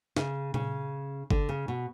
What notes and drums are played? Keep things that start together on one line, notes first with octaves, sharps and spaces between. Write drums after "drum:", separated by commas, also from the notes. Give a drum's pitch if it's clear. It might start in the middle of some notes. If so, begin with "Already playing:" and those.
C#3, drum: snare
C#3, drum: tom A#2
D3, drum: kick G1
C#3
B2